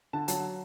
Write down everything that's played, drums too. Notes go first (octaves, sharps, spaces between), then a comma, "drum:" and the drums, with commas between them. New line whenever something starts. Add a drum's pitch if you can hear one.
D3 A5
F#3 A5, drum: hi-hat